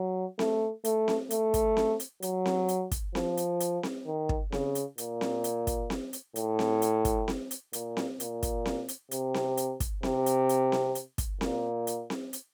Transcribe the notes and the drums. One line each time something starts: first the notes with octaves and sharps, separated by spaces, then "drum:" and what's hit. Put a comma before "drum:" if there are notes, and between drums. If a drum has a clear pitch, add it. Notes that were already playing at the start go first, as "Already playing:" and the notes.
Already playing: F#3
A3, drum: snare C4
A3, drum: hi-hat
drum: snare C4
A3, drum: hi-hat
drum: kick, hi-hat
drum: snare C4
drum: hi-hat
F#3, drum: hi-hat
drum: snare C4
drum: hi-hat
drum: kick, hi-hat
F3, drum: snare C4
drum: hi-hat
drum: hi-hat
drum: snare C4
D#3
drum: kick
C#3, drum: snare C4
drum: hi-hat
A#2, drum: hi-hat
drum: snare C4
drum: hi-hat
drum: kick, hi-hat
drum: snare C4
drum: hi-hat
A2, drum: hi-hat
drum: snare C4
drum: hi-hat
drum: kick, hi-hat
drum: snare C4
drum: hi-hat
A#2, drum: hi-hat
drum: snare C4
A#2, drum: hi-hat
drum: kick, hi-hat
drum: snare C4
drum: hi-hat
C3, drum: hi-hat
drum: snare C4
drum: hi-hat
drum: kick, hi-hat
C3, drum: snare C4
drum: hi-hat
drum: hi-hat
drum: snare C4
drum: hi-hat
drum: kick, hi-hat
A#2, drum: snare C4
drum: hi-hat
drum: snare C4
drum: hi-hat